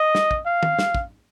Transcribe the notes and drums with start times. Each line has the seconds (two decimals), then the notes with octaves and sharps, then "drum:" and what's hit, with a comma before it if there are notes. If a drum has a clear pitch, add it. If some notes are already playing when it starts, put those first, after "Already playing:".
Already playing: D#5
0.15 drum: snare
0.31 drum: kick
0.46 F5
0.63 drum: tom
0.79 drum: snare
0.95 drum: kick